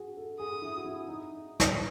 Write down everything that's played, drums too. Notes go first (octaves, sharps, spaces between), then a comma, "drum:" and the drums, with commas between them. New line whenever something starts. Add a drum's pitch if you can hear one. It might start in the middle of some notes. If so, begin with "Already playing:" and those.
Already playing: F#4 G#4
A4
G#4 D#6
E4
F#4
E4
D#4
drum: snare